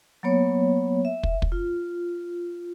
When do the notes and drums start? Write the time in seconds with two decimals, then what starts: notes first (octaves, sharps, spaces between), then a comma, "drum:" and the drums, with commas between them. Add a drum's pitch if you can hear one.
0.23 F#3 A#3 B3 C#5
1.05 E5
1.23 drum: kick
1.42 drum: kick
1.52 F4